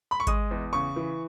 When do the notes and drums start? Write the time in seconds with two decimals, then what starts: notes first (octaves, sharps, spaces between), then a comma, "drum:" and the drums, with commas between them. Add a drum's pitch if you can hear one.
0.11 B5
0.20 C#6
0.27 G#3 D#6, drum: kick G#1, hi-hat
0.51 E2
0.73 C#3 C#6
0.96 E3